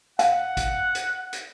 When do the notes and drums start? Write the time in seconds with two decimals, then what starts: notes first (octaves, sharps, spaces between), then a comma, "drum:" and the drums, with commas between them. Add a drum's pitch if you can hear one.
0.19 F5 F#5, drum: hi-hat
0.57 drum: kick, hi-hat
0.95 drum: hi-hat
1.33 drum: hi-hat